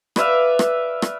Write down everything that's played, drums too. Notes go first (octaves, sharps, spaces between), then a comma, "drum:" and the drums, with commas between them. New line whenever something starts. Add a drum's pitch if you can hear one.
B4 D5 E5 F5, drum: rim click
drum: rim click
drum: rim click